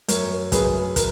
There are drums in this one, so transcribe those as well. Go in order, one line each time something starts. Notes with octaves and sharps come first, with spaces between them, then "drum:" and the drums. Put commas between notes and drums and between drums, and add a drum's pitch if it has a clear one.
F#2 A#4 C#5, drum: hi-hat
F#2 G#4 B4, drum: kick, hi-hat
A#4, drum: kick, hi-hat